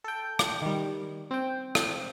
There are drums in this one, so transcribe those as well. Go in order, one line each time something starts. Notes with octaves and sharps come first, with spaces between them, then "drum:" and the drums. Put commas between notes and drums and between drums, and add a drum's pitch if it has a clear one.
A4 G5
drum: rim click
D#3 G3
C4 G5
drum: rim click